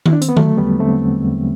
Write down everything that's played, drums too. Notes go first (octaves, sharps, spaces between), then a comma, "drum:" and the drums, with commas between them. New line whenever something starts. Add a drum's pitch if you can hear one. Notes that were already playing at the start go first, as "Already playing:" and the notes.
E4, drum: tom D#3
D4
C4, drum: hi-hat
B3
D3 F#3 A3, drum: tom D#3
E2 G3 B3
D3 A3 C4
E2
E2